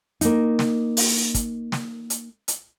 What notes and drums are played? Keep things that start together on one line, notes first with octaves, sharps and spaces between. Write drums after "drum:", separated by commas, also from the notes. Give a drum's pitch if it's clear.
A#3 D#4, drum: hi-hat
drum: snare
drum: open hi-hat
drum: kick, hi-hat
drum: snare
drum: hi-hat
drum: hi-hat